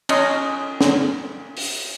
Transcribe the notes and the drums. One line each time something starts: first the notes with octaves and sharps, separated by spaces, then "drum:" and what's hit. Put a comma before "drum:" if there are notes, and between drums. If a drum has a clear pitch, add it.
C#4 D#5 C6, drum: cymbal
drum: snare
drum: open hi-hat